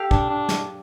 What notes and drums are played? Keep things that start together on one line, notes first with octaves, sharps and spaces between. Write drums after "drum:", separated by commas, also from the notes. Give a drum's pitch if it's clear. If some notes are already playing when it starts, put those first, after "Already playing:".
Already playing: G4 A4 F5
D4, drum: kick
D4
drum: snare